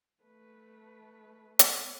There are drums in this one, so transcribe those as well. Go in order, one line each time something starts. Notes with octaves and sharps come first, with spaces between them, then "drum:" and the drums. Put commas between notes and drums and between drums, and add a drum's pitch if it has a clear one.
A3 B4
drum: hi-hat